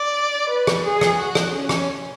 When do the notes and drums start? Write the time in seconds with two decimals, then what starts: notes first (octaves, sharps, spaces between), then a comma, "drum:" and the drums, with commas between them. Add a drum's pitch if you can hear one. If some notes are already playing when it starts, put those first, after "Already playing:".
Already playing: D5
0.50 B4
0.67 drum: rim click
0.84 G#4
1.01 drum: rim click
1.19 F#4
1.35 drum: rim click
1.52 C#4
1.69 drum: rim click